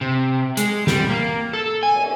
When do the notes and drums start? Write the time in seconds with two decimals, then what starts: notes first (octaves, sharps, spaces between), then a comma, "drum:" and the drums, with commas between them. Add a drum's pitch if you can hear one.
0.01 C3
0.57 G#3, drum: hi-hat
0.87 G3, drum: snare
1.10 A#3
1.53 A4
1.83 G#5
1.95 drum: cymbal